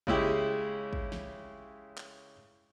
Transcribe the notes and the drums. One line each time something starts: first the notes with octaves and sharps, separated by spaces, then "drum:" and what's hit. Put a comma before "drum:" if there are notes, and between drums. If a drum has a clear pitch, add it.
C#3 G#3 E4 G4, drum: kick
drum: kick
drum: snare
drum: clap